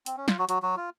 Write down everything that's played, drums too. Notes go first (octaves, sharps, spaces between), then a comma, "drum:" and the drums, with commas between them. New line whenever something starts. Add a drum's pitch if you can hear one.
C4, drum: hi-hat
C#4
F4, drum: snare
F#3 F#4
F#3 F#4, drum: hi-hat
F#3 F#4
F4